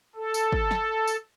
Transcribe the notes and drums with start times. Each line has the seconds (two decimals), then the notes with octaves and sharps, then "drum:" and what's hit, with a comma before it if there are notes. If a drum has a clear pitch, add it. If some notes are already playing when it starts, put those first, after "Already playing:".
0.16 A4
0.34 drum: tambourine
0.52 drum: kick
0.71 drum: snare
1.07 drum: tambourine